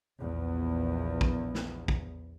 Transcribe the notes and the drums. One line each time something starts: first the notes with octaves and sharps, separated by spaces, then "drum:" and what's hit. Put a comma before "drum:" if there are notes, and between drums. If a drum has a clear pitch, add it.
A#1 E2
drum: kick
drum: snare
drum: kick